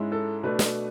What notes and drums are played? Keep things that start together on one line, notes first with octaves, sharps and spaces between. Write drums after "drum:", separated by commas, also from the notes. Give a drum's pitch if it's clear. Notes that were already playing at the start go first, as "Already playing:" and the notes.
Already playing: G#2 G#3 C#4 E4
A4
B2 A3 D4 B4
drum: snare